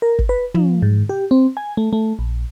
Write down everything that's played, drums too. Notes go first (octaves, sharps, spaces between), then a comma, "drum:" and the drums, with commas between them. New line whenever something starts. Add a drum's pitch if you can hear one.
A#4
drum: kick
B4
F3, drum: tom
G#2
G4
C4
G#5
A3
A3
A#1